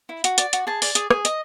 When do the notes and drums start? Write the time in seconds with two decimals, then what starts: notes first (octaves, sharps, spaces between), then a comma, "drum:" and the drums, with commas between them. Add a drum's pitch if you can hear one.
0.09 E4
0.24 F#4, drum: hi-hat
0.38 D5, drum: hi-hat
0.53 F#4, drum: hi-hat
0.67 G#4 A5
0.82 D5, drum: open hi-hat
0.95 G#4, drum: hi-hat
1.10 G#4, drum: rim click
1.25 D#5, drum: hi-hat